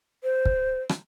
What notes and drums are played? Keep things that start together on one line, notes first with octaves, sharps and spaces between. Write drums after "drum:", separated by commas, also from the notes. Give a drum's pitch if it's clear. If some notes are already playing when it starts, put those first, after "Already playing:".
C5
drum: kick
drum: rim click